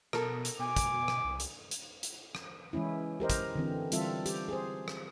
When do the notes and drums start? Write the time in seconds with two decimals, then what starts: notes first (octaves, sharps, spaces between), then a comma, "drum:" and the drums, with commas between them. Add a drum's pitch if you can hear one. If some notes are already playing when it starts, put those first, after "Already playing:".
0.13 B2 A4 A#4, drum: rim click
0.45 drum: hi-hat
0.59 B2 G#5 D6
0.76 drum: kick, hi-hat
1.08 drum: rim click
1.25 C2
1.40 drum: hi-hat
1.71 drum: hi-hat
2.03 drum: hi-hat
2.35 drum: rim click
2.73 E3 G#3 C#4 E4
3.20 G4 A#4 C5 D#5
3.30 drum: kick, hi-hat
3.56 D3 E3 C4
3.92 E3 G3 C4 F4 A4 E5, drum: hi-hat
4.26 G4, drum: hi-hat
4.48 G#4 C5
4.88 drum: rim click